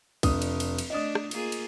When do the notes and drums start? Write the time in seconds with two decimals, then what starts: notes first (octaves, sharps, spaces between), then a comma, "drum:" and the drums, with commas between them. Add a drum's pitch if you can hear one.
0.23 F1 D4 D#6, drum: kick, cymbal
0.42 drum: cymbal
0.60 drum: cymbal
0.79 drum: cymbal
0.90 A3 D4 D#5 D#6
1.15 drum: rim click
1.31 A#3 F4 G#4, drum: cymbal
1.52 drum: cymbal